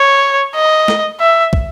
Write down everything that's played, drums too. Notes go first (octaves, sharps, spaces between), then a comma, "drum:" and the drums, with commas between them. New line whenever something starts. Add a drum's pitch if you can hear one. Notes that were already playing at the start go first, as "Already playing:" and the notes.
Already playing: C#5
D#5
drum: snare
E5
drum: kick